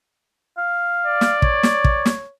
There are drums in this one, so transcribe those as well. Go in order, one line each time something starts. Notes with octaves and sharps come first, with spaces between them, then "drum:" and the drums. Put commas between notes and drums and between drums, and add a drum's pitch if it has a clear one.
F5
D5
drum: snare
C#5, drum: kick
drum: snare
drum: kick
drum: snare